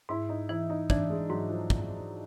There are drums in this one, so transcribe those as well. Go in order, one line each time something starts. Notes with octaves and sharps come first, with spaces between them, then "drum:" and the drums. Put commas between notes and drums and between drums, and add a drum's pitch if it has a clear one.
G#2 E4
D#4
E3 E4
D#4
E3 D4, drum: kick
G#3
G#2 F#3
F3
drum: kick